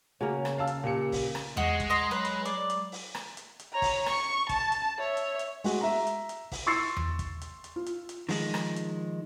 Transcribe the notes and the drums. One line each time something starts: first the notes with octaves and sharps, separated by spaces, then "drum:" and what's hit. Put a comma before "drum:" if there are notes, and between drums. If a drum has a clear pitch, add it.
C#3 A#3 F#4 C#5
drum: rim click
F5 A5 E6
drum: hi-hat
A#2 G4 C#7
drum: kick, open hi-hat
drum: rim click
G#3 F#4 D#5, drum: tom E2
drum: kick, hi-hat
D#5 A#5 C6
F#3 B4
drum: hi-hat
D5, drum: hi-hat
drum: hi-hat
drum: open hi-hat
drum: rim click
drum: hi-hat
drum: hi-hat
C#5 A#5
drum: kick, open hi-hat
C#6, drum: rim click
A5, drum: kick, hi-hat
drum: hi-hat
C#5 E5
drum: hi-hat
drum: hi-hat
G#3 F#4, drum: open hi-hat
E5 A#5
drum: hi-hat
drum: hi-hat
drum: kick, open hi-hat
C6 C#6 E6 A6 C7 C#7
drum: tom E2
drum: kick, hi-hat
drum: hi-hat
drum: hi-hat
F4
drum: hi-hat
drum: hi-hat
D#3 F3 G#3, drum: open hi-hat
drum: rim click
drum: hi-hat